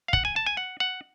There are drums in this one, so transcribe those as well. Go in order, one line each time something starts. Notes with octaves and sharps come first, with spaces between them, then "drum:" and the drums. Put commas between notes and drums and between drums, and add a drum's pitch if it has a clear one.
F5
F#5, drum: kick
G#5
A5
G#5
F#5
F#5